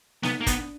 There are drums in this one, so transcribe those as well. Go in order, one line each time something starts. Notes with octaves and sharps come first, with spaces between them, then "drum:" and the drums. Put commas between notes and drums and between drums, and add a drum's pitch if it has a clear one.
B3 D#4, drum: snare
A#3
B3, drum: kick, hi-hat
D4